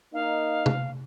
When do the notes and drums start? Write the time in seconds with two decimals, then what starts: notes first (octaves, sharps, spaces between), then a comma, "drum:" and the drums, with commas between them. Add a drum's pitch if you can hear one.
0.14 A#3 D#4 F5
0.66 drum: tom C3